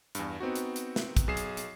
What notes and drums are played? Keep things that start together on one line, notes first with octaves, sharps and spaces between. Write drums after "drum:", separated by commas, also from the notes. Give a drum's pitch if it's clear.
E2 G2, drum: hi-hat
B3 C4 D#4 F#4
drum: hi-hat
drum: hi-hat
drum: snare
drum: kick, hi-hat
B1 G#4 C7 E7
drum: hi-hat
drum: hi-hat